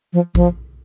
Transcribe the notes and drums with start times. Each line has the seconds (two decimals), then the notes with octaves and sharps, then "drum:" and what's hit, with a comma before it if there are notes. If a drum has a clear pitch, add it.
0.13 F3
0.35 F3, drum: kick A1